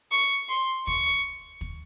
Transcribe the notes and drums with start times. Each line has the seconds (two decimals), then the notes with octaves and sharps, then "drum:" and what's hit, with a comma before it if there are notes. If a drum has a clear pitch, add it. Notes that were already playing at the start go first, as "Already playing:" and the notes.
0.11 C#6
0.49 C6
0.87 C#6, drum: kick
1.61 drum: kick